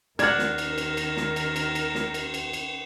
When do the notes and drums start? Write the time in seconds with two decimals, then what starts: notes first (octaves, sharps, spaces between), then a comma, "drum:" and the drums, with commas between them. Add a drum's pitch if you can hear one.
0.19 D#2 D#3 A#4 D5 F#5 F6 G#6, drum: cymbal
0.39 drum: snare
0.58 drum: cymbal
0.78 drum: cymbal
0.97 drum: cymbal
1.17 drum: snare
1.36 drum: cymbal
1.56 drum: cymbal
1.75 drum: cymbal
1.95 drum: snare
2.14 drum: cymbal
2.34 drum: cymbal
2.53 drum: cymbal